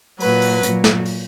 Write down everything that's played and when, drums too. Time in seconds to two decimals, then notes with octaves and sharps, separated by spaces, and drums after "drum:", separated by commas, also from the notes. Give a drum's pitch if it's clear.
0.20 A#2 F#3 B4, drum: open hi-hat
0.41 drum: open hi-hat
0.63 A#2 F#3, drum: hi-hat
0.84 drum: snare
1.05 drum: open hi-hat